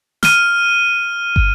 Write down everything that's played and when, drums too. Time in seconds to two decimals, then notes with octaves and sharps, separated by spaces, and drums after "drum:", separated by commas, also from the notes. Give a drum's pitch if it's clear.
0.23 F6 D#7, drum: snare
1.36 drum: kick